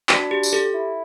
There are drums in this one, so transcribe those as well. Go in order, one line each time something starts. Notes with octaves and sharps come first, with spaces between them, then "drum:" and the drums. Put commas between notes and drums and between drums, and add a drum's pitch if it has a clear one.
D4 F#4, drum: clap
G4
drum: tambourine
G4 A4
E4